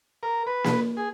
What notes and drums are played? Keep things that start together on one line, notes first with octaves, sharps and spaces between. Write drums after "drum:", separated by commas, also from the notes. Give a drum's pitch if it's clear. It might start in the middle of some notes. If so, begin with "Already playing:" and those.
A#4
B4
drum: snare A#3
G#4